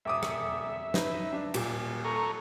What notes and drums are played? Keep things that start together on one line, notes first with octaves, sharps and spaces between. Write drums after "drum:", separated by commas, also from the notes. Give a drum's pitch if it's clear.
E1 E5 D6 D#6
drum: rim click
D#4 B4, drum: snare
D4
D#1 A#2 G4, drum: cymbal
A4 A#5 C#6